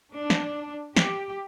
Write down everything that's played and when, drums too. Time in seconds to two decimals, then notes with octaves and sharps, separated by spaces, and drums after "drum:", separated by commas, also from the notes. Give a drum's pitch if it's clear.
0.13 D4
0.30 drum: snare
0.97 G4, drum: snare